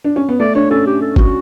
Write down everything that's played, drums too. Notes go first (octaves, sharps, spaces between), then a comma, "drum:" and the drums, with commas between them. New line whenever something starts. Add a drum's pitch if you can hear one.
D4
C#4
B3
A3 D5
D4 C#5
C#4 A4
G4
A4
F#4, drum: kick